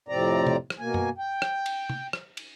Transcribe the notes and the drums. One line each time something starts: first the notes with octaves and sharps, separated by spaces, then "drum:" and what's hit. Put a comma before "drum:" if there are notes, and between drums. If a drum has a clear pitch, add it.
F2 A2 C3 C4 D5 A#5
drum: tom
drum: rim click
B2 A#3 G#5
drum: tom F#2
G5
drum: rim click
drum: cymbal
drum: tom
drum: rim click
drum: cymbal